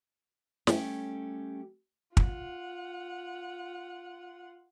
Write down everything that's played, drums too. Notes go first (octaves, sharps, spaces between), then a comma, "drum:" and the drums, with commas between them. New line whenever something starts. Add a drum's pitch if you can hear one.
G3 A3 C#4 G4, drum: snare
F4 F#5, drum: kick